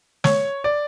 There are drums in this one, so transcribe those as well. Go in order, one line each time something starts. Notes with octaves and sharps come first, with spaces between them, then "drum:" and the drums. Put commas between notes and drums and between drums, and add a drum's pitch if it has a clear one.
C#5, drum: snare
D5